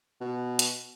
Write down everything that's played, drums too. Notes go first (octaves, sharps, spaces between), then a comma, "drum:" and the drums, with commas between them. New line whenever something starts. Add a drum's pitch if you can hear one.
B2
drum: hi-hat